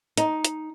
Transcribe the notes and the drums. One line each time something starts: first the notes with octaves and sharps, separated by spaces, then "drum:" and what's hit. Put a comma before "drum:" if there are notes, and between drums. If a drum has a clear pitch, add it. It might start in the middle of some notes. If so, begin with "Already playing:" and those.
D#4, drum: hi-hat
drum: hi-hat